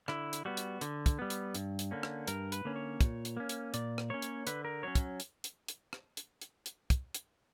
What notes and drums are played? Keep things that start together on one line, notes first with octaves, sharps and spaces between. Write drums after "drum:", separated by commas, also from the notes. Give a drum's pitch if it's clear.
D3 E4, drum: rim click
drum: hi-hat
G3 B3 F#4
drum: hi-hat
D3, drum: hi-hat
drum: kick, hi-hat
G3 B3
drum: hi-hat
G2, drum: hi-hat
drum: hi-hat
D3 A#3 C#4
drum: rim click
G2 A#4, drum: hi-hat
B4, drum: hi-hat
D3 A#3 C#4
C#5
A#2, drum: kick, hi-hat
drum: hi-hat
A#3 C#4
drum: hi-hat
A#2 D5, drum: hi-hat
drum: rim click
A#3 C#4 C#5
drum: hi-hat
D3 B4, drum: hi-hat
A#4
F#3 C#4 C#5
drum: kick, hi-hat
drum: hi-hat
drum: hi-hat
drum: hi-hat
drum: rim click
drum: hi-hat
drum: hi-hat
drum: hi-hat
drum: kick, hi-hat
drum: hi-hat